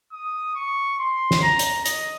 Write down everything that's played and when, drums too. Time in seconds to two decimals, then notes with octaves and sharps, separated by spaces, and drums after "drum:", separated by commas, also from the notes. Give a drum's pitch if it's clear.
0.12 D#6
0.55 C#6
0.99 C6
1.31 drum: snare
1.42 A#5
1.59 drum: hi-hat
1.86 D#5, drum: hi-hat